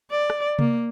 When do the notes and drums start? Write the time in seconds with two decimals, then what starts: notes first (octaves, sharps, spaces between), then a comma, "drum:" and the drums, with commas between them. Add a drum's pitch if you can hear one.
0.10 D5
0.30 drum: rim click
0.59 A#3, drum: tom C3